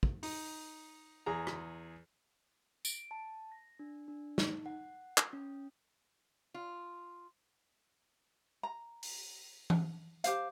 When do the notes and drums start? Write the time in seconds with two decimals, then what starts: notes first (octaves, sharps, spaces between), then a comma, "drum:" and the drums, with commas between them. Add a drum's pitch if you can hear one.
0.03 drum: kick
0.23 D#4, drum: open hi-hat
1.26 E2 G#4 A#5
1.47 drum: rim click
2.85 D7, drum: tambourine
3.11 A5
3.52 A#6
3.79 D4
4.08 D4
4.38 D#4, drum: snare
4.66 F#5
5.18 drum: clap
5.33 C#4
6.54 F4
8.63 A#5
9.03 drum: open hi-hat
9.70 drum: tom E3
10.24 G4 C5 F5, drum: hi-hat